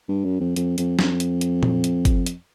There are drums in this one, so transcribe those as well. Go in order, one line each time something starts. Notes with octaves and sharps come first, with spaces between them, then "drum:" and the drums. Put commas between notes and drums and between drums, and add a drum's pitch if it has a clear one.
G2
F#2
F2
F2, drum: hi-hat
F2, drum: hi-hat
F2, drum: snare
drum: hi-hat
drum: hi-hat
drum: tom A#2
drum: hi-hat
drum: kick G1, hi-hat
drum: hi-hat